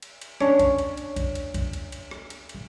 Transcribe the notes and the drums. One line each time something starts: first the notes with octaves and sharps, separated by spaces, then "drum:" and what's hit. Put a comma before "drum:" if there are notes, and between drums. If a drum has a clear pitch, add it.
drum: cymbal
drum: cymbal
C#4 D4 C#5, drum: rim click
drum: kick C2, cymbal
drum: cymbal
drum: cymbal
drum: kick C2, cymbal
drum: cymbal
drum: kick C2, cymbal
drum: cymbal
drum: cymbal
drum: rim click
drum: cymbal
drum: cymbal